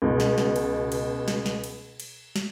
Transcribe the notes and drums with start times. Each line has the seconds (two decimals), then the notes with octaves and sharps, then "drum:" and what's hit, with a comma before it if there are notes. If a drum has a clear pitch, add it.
0.02 C#2 B2
0.20 drum: snare
0.38 drum: snare
0.56 drum: cymbal
0.92 drum: cymbal
1.28 drum: snare
1.46 drum: snare
1.64 drum: cymbal
2.00 drum: cymbal
2.36 drum: snare